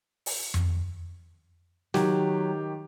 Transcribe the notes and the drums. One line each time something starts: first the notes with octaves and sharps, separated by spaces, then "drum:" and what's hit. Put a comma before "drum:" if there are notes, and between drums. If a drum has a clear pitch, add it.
drum: open hi-hat
drum: tom F2
D#3 F#3 G4, drum: snare